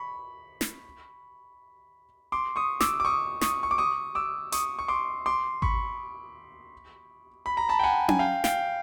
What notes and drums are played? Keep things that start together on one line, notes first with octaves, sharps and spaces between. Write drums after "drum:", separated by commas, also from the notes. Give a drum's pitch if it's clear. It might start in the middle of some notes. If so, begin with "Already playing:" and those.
Already playing: B5 C#6
drum: snare
C6 D6
C#6 D#6
D6 E6, drum: snare
D6
C#6 D#6
C#6 D#6, drum: snare
C#6
D6
C#6 D#6
D6 E6
C#6 D#6, drum: hi-hat
C#6
C6 D6
C6 D6
B5 C#6, drum: kick G#1
B5
A#5
A5 B5
G5
F#5 G#5
G#5, drum: tom C#4
F5 G5
F5 G5, drum: snare